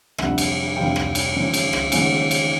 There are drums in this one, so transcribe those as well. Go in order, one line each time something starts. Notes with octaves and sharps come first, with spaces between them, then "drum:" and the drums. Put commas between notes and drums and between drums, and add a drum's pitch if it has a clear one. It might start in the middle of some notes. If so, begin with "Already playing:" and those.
F1 F2 D3 G3 E5 F#5, drum: rim click
drum: cymbal
F1 F2 D3 G3 F5 G5
drum: rim click
drum: cymbal
D#2 C#3 F3 G#3 C#4
drum: cymbal
drum: rim click
D#2 C#3 F3 G#3 C#4 F#5 G#5, drum: cymbal
drum: cymbal